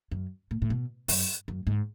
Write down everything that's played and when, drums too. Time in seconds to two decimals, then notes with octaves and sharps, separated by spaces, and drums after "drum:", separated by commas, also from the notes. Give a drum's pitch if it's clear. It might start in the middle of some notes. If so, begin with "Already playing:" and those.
0.11 F#2
0.51 A2
0.62 A2
0.70 B2
1.08 F#2, drum: open hi-hat
1.48 F#2
1.67 G#2